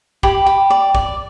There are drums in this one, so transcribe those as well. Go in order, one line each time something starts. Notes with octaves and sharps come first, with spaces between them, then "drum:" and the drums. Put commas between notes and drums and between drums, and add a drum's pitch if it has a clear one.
G4 B5, drum: kick
G4
D5
D5, drum: kick